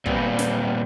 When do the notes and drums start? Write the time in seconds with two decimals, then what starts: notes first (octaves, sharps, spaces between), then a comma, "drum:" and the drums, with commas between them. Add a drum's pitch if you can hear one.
0.06 A#2 G3 B3 C4, drum: kick
0.39 drum: snare